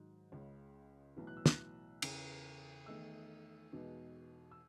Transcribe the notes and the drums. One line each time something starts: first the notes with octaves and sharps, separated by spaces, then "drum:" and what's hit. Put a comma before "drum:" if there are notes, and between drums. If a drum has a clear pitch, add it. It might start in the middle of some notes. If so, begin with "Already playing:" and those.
Already playing: G#2 D#3 F#3
C#2 C#3 G#3
B1 A2 E3
F#6
E6
F#6, drum: snare
E2 C#3 E3 B3, drum: cymbal
E2 D#3 A3 D#4 E6
E2 B2 G#3 B3 D#4
E6